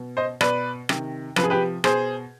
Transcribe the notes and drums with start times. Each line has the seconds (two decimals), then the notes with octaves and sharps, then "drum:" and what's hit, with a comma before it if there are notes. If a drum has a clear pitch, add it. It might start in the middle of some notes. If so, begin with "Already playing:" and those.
Already playing: B2
0.17 C5 D#5
0.41 B2 B4 D5, drum: rim click
0.89 C3 D#3, drum: rim click
1.36 C3 F3 B4, drum: rim click
1.43 G#4
1.50 G4 B4
1.84 B2 G#4 C5, drum: rim click